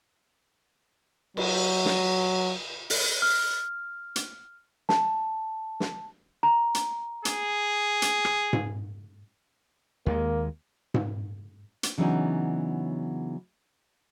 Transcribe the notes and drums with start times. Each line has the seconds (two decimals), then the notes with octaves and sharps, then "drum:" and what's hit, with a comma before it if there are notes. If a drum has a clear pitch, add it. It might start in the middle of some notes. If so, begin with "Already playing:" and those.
1.37 F#3, drum: cymbal
1.85 drum: snare
2.90 drum: open hi-hat
3.22 F6
4.16 drum: hi-hat
4.89 A5, drum: snare
5.80 drum: snare
6.43 A#5
6.75 drum: hi-hat
7.25 G#4, drum: hi-hat
8.02 drum: hi-hat
8.25 drum: rim click
8.53 drum: tom G#2
10.06 D#2 D#3 G#3 A#3
10.94 drum: tom G#2
11.83 drum: hi-hat
11.98 C#3 E3 F#3 B3 D4 D#4